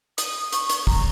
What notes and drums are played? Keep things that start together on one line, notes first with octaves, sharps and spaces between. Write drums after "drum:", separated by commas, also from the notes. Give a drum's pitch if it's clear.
D#6, drum: hi-hat
C#6, drum: hi-hat
drum: hi-hat
A#5, drum: kick, open hi-hat